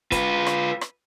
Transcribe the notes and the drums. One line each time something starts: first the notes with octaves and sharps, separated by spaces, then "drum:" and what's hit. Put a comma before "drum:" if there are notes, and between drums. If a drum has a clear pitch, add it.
F4 B4, drum: kick, hi-hat
drum: rim click
drum: rim click